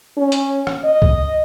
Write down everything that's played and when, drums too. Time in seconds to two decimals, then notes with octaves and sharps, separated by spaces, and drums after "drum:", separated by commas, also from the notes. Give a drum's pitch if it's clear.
0.17 C#4
0.32 drum: hi-hat
0.67 drum: rim click
0.84 D#5
1.02 drum: kick C2